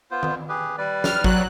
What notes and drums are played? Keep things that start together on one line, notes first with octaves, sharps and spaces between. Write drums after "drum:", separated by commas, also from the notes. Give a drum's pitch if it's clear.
B3 F4 C5
drum: tom D#3
G4 G#4 B4
G3 B4 D5
F6, drum: snare
F#3 F#6, drum: kick